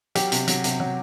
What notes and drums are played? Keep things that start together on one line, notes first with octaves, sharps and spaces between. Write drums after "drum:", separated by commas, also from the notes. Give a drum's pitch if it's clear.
F#3 G4, drum: hi-hat
C3, drum: hi-hat
F#3, drum: hi-hat
C3, drum: hi-hat
F#3